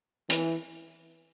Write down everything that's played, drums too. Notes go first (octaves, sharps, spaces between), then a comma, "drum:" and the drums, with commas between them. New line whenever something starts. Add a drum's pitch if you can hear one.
E3, drum: hi-hat